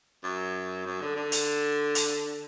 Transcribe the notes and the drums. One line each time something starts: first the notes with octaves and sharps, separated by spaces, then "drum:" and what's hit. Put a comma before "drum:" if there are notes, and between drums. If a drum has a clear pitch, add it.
F#2
F#2
D3
D3
drum: hi-hat
drum: hi-hat